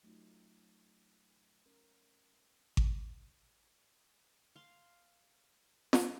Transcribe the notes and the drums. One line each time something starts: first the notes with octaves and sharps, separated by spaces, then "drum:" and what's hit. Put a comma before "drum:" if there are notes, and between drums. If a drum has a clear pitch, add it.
F#3 A3 C#4 D#4 F4
C#4 A#4
drum: kick G#1
F5 C6
drum: snare